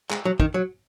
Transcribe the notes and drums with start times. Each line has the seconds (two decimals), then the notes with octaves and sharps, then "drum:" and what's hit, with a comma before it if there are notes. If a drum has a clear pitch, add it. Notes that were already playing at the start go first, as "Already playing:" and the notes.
0.10 G#3, drum: clap
0.25 F#3
0.40 D#3, drum: kick
0.54 F#3